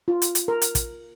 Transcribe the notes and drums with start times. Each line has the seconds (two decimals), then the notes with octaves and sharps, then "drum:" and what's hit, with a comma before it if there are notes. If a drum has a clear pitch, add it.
0.08 F4
0.22 drum: hi-hat
0.35 drum: hi-hat
0.48 A#4
0.62 drum: hi-hat
0.75 drum: kick, hi-hat